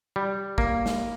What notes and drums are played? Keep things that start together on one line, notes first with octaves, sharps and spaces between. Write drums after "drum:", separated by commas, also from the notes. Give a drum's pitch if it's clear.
G3
A#3, drum: kick G#1
drum: snare